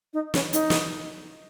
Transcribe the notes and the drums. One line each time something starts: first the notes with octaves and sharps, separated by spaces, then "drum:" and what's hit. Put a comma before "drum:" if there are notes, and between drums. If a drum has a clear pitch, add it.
D#4
C#4, drum: snare
D#4, drum: hi-hat
drum: snare